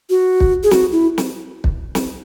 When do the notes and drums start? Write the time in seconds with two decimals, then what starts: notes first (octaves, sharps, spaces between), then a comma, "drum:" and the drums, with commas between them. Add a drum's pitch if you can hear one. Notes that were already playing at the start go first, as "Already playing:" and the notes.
0.10 F#4
0.40 drum: kick
0.63 G#4
0.71 F#4, drum: snare
0.92 E4
1.18 drum: snare
1.64 drum: kick
1.95 drum: snare